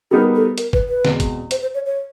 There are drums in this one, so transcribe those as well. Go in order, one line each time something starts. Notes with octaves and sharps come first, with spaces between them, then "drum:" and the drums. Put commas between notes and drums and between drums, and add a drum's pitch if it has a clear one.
G3 B3 D#4 G4 G#4 A#4
A4
A#4, drum: hi-hat
B4, drum: kick
B4
E2 B2 G#3 C4, drum: snare
drum: kick, hi-hat
C5, drum: hi-hat
C5
C#5
C#5